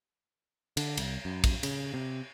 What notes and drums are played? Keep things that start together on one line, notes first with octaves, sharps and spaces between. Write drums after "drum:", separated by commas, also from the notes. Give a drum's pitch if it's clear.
D3, drum: cymbal
C2, drum: cymbal
F#2
drum: kick, cymbal
C#3, drum: cymbal
C3